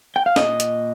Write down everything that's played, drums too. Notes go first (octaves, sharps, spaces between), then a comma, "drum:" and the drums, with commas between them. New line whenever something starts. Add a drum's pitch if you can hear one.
G5
F5
A#2 D#5, drum: snare
drum: hi-hat